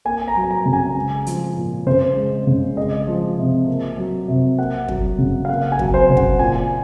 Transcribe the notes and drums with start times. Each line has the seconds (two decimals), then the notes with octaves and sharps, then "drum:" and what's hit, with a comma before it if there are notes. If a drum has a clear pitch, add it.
0.05 A#3 G#5
0.28 A#5
0.36 F#3
0.51 A#5
0.66 C#3
0.73 G#5
0.96 G#3
1.26 F3, drum: hi-hat
1.57 A#2
1.87 C#3 C5
2.17 G#3
2.47 C#3
2.77 G#3 D#5
3.07 F3
3.38 C3
3.68 A#3
3.98 F#3
4.28 C3
4.59 A#3 F#5
4.88 F#3, drum: kick
5.18 C#3
5.45 F5
5.49 A#3 F#5
5.72 G#5
5.79 F#3, drum: kick
5.94 C5
6.10 C#3
6.17 F#5, drum: kick
6.39 A#2 G#5